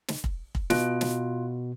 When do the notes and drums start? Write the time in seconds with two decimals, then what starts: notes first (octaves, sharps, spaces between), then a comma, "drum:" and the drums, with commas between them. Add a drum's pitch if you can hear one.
0.08 drum: snare
0.24 drum: kick
0.55 drum: kick
0.70 B2 F4, drum: snare
1.01 drum: snare